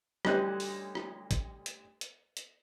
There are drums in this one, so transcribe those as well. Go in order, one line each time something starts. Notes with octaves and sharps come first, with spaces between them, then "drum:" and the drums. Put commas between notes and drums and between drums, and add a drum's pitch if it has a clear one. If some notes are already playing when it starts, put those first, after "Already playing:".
D2 G3 C#4 D#5 F#6, drum: rim click
drum: open hi-hat
drum: rim click
drum: kick A1, hi-hat
drum: hi-hat
drum: hi-hat
drum: hi-hat